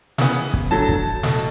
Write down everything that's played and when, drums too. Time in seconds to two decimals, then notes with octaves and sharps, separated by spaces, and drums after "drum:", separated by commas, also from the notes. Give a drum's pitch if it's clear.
0.18 C#3 E3 B3, drum: snare
0.54 drum: kick
0.71 D3 F#3 A3 A5
0.89 drum: kick
1.23 B2 A3, drum: snare